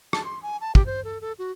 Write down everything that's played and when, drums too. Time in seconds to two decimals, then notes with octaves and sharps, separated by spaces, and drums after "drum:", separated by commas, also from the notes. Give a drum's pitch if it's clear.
0.13 A5, drum: rim click
0.25 C6
0.43 G#5
0.61 A5
0.75 G4, drum: kick
0.86 C5
1.04 A4
1.21 A4
1.39 F#4